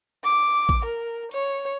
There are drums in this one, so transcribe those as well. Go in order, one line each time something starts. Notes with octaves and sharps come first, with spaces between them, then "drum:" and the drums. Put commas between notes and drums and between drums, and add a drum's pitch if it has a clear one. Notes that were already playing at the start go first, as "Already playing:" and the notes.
D6
drum: kick A1
A#4
C#5, drum: hi-hat